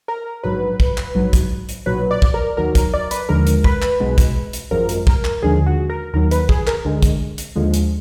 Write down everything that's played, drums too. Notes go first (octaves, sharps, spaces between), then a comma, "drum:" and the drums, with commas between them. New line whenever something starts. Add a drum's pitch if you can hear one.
A#4
A#1 G#2 F#3 B4
drum: kick
drum: clap
A#1 G#2 F#3
drum: kick, hi-hat
drum: hi-hat
B1 A#2 F#3 B4
D5
drum: kick
A#4
D#2 D#3 F#3 A#4
A#4, drum: kick, hi-hat
D5
B4, drum: hi-hat
D#2 D3 F3 G#3 A#4
drum: hi-hat
B4, drum: kick
drum: clap
B1 B2 G#3
drum: kick, hi-hat
drum: hi-hat
G#1 F#2 F3 G#3 A#4
drum: hi-hat
A#4, drum: kick
drum: clap
D#2 D3 F3 G#3 G#4
F#4
A#4
D#2 D#3 F#3 A#4
B4, drum: hi-hat
G#4, drum: kick
A#4, drum: clap
D2 D3 G#3
drum: kick, hi-hat
drum: hi-hat
D#2 D3 F3 G#3
drum: hi-hat